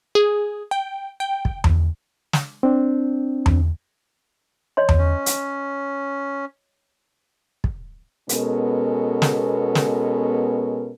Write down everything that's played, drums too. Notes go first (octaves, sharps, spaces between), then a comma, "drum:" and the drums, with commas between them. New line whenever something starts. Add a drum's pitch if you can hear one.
G#4
G5
G5
drum: kick
drum: tom E2
drum: snare
C4 D4
drum: tom E2
C#5 D#5 C6
drum: tom E2
C#4
drum: hi-hat
drum: kick
B2 G#3 B3 C#4 A4 A#4, drum: hi-hat
drum: snare
drum: snare